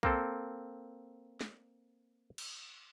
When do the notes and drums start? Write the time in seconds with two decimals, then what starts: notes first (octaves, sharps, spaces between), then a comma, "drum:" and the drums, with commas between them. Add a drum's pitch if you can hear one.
0.03 A#3 C4 A4, drum: kick B1
1.41 drum: snare
2.38 drum: cymbal